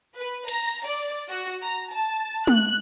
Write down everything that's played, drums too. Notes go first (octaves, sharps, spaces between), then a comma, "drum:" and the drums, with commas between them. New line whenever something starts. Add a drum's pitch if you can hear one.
B4
A#5, drum: cymbal
D5
F#4
A#5
A5
F#6, drum: tom